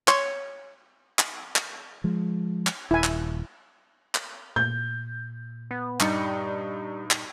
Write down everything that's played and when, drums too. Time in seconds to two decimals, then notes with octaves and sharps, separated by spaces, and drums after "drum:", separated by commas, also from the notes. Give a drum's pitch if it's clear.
0.08 C#5 C6, drum: clap
1.19 drum: clap
1.56 drum: clap
2.04 F3 G#3
2.67 drum: clap
2.91 D#1 E4 G#5
3.04 drum: clap
4.15 drum: clap
4.56 A#2 G6
5.71 B3
6.00 G2 G3 D#4 C#7, drum: clap
7.11 drum: clap